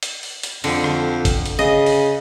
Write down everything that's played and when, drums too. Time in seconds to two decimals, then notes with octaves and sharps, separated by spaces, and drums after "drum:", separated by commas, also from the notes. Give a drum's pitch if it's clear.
0.03 drum: hi-hat
0.23 drum: open hi-hat
0.43 drum: hi-hat
0.64 F2 D3, drum: open hi-hat
0.84 drum: rim click
1.25 drum: kick, hi-hat
1.46 drum: hi-hat
1.59 C#3 D#5
1.86 drum: open hi-hat